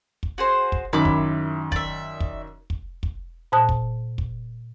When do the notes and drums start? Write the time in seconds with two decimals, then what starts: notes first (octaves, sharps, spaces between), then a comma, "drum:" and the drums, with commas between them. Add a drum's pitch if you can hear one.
0.23 drum: kick
0.38 F#4 G#4 C5
0.72 drum: kick
0.93 F#2 D#3 E4 B5 D6
1.05 drum: kick
1.72 D5 E5, drum: kick
2.20 drum: kick
2.70 drum: kick
3.03 drum: kick
3.52 A#2 C5 A5 D#6 F#6
3.69 drum: kick
4.18 drum: kick